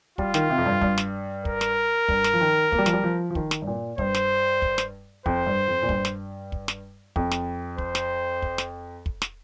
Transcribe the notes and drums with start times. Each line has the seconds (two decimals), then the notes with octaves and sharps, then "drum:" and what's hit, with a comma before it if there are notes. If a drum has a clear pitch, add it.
0.18 G3 F4, drum: kick
0.34 D#3, drum: snare
0.50 C3
0.58 F2
0.66 G2
0.82 G2, drum: kick
0.98 drum: snare
1.45 A#4, drum: kick
1.61 drum: snare
2.09 G2, drum: kick
2.24 drum: snare
2.33 F3
2.41 D#3
2.72 A#3, drum: kick
2.78 G3
2.86 F3, drum: snare
2.93 G3
3.04 F3
3.30 F3
3.35 D#3, drum: kick
3.51 drum: snare
3.62 G2
3.67 A#2
3.98 G2 C5, drum: kick
4.14 drum: snare
4.62 drum: kick
4.78 drum: snare
5.26 F2 C5, drum: kick
5.47 G2
5.68 F2
5.82 A#2
5.89 G2, drum: kick
6.05 drum: snare
6.52 drum: kick
6.68 drum: snare
7.16 F2, drum: kick
7.31 drum: snare
7.78 C5, drum: kick
7.95 drum: snare
8.42 drum: kick
8.58 drum: snare
9.06 drum: kick
9.22 drum: snare